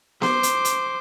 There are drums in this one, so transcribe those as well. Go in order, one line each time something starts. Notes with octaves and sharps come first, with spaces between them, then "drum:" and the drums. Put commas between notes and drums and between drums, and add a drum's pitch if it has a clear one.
C5 D6, drum: snare B3
drum: hi-hat
drum: hi-hat